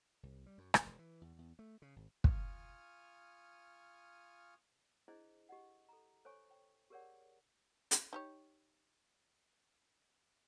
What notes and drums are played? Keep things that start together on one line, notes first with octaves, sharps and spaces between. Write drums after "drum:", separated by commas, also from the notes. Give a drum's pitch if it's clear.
C2
G3
F#2
D1, drum: rim click
E1
E3
E2
E2
A3
C#3
G#1
F4 G#5 C#6 D#6 F6, drum: kick
D4 E4 G#4 C5 D#5
G4 D#5 F#5
A4 A#5
A4 C5 C#5 G#5 C#6
G5
G4 G#4 A#4 C#5 D5 F#5
drum: hi-hat
D#4 G4 C#5